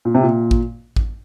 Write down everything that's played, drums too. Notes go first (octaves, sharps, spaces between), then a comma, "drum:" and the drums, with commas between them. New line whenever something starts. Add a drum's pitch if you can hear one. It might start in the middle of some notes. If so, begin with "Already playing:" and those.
A#2
C3
A#2
drum: kick
drum: kick